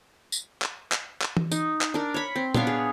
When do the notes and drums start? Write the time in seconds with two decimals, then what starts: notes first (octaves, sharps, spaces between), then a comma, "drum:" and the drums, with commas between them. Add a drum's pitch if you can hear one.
0.32 drum: tambourine
0.62 drum: clap
0.92 drum: clap
1.22 drum: clap
1.37 drum: tom E3
1.52 D#4, drum: tambourine
1.81 drum: clap
1.94 D4 A#4
2.14 C#5 B5
2.36 C4
2.54 B3 D4 C#5 F5, drum: tom
2.67 G#4